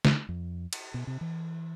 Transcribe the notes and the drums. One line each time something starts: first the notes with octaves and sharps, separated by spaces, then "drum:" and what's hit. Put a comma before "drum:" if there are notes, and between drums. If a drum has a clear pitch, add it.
drum: snare
F2
drum: cymbal
B2
C3
E3